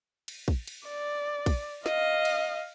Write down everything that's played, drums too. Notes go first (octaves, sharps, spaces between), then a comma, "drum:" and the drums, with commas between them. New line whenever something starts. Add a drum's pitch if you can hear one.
drum: cymbal
drum: kick
drum: cymbal
D5
drum: kick, cymbal
D#5 F5, drum: snare
drum: cymbal